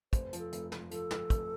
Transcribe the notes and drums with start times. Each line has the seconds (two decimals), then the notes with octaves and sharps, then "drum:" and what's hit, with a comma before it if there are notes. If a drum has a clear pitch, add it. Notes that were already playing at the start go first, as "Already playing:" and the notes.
0.13 F1 C5, drum: kick, hi-hat
0.33 F3, drum: hi-hat
0.39 A4
0.52 F1, drum: hi-hat
0.72 F3, drum: snare
0.91 F3 A4, drum: hi-hat
1.11 F3, drum: snare
1.30 F1, drum: kick, hi-hat